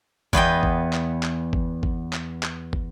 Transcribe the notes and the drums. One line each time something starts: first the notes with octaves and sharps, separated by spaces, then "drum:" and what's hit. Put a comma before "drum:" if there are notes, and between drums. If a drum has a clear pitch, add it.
E2 B3 D#5 G5, drum: kick
drum: kick
drum: clap
drum: clap
drum: kick
drum: kick
drum: clap
drum: clap
drum: kick